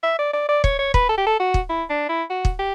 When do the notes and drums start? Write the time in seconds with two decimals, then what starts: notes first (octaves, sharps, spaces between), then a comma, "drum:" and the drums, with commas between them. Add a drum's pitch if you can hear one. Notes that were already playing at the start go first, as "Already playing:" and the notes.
0.03 E5
0.19 D5
0.33 D5
0.49 D5
0.64 C#5, drum: kick
0.79 C#5
0.94 B4, drum: kick
1.09 A4
1.17 G4
1.26 A4
1.39 F#4
1.54 drum: kick
1.69 E4
1.90 D4
2.09 E4
2.30 F#4
2.45 drum: kick
2.59 G4